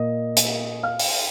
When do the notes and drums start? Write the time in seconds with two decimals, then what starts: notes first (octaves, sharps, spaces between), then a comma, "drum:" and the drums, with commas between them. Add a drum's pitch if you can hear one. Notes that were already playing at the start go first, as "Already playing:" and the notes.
Already playing: A#2 A#3 D#5 D#6
0.37 drum: hi-hat
0.83 F5 F6
0.99 drum: open hi-hat